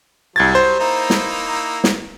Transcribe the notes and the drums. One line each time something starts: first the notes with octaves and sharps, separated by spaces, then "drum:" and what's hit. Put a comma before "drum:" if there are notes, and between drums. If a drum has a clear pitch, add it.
C2 F#3 G3 G#6 A6
C5
A#3 D#4 E4
drum: snare
drum: snare